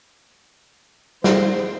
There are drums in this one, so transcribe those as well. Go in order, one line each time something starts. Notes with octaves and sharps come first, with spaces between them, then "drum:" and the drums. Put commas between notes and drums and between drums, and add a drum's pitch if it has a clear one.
C5, drum: snare